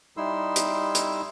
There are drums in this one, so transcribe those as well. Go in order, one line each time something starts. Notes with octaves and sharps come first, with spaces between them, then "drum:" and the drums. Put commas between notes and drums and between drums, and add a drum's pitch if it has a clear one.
G3 D#4 E4 C6 E6
drum: hi-hat
drum: hi-hat